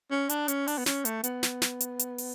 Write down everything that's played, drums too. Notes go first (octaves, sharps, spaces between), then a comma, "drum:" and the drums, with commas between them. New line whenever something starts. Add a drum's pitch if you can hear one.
C#4
D4, drum: hi-hat
C#4, drum: hi-hat
D4, drum: open hi-hat
B3
C#4, drum: snare
A3, drum: hi-hat
B3, drum: hi-hat
drum: snare
drum: snare
drum: hi-hat
drum: hi-hat
drum: open hi-hat